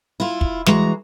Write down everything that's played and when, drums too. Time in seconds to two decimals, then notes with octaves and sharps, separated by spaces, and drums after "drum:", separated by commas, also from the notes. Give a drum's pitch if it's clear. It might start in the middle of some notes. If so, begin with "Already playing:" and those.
0.20 E4 F4
0.41 drum: kick
0.66 E3 G#3 F#4 A#5, drum: snare